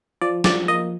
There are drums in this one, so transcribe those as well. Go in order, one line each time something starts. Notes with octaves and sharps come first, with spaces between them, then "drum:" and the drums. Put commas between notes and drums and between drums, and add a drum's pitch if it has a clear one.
F3 D5
F3 D5, drum: snare
A#3 D#5